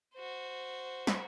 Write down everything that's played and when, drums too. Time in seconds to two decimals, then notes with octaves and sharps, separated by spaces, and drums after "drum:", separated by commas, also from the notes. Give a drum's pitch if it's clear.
0.15 F#4 C5
1.07 drum: snare